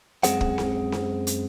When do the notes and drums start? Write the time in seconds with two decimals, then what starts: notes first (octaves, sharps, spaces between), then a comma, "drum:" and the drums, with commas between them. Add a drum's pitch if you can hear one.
0.23 F#2 G#3 C4 G#4 C5 F#5, drum: hi-hat
0.41 drum: kick
0.58 drum: snare C4
0.92 drum: snare C4
1.27 drum: hi-hat